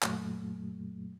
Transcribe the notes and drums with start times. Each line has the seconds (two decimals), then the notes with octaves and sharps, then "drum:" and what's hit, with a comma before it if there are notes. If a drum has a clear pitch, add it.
0.02 F#2 A#2 F#3 A3, drum: clap